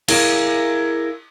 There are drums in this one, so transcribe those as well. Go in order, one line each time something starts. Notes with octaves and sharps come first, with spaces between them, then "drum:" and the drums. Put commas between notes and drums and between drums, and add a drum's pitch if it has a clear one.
E4 G#4 A#4 F5, drum: cymbal